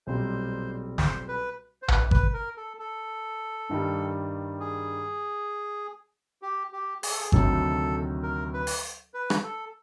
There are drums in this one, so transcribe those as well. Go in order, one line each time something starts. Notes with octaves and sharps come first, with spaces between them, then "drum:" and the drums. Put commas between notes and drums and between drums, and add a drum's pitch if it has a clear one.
B1 A#2 G3 C4 C5
C5, drum: snare
B4
C5
B4, drum: tom A#1
B4, drum: kick G#1
A#4
A4
A4
G2 D#3 G3
G#4
G4
G4
G#4, drum: open hi-hat
A4
G#4
D2 C3 D#3 F#3 A4, drum: kick G#1
A#4
B4
drum: open hi-hat
B4
drum: rim click
A4